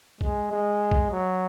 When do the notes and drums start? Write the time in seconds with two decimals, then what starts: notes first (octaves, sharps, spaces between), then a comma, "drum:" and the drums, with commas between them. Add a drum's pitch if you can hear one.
0.21 G#3, drum: kick A#1
0.51 G#3
0.91 drum: kick A#1
1.11 F#3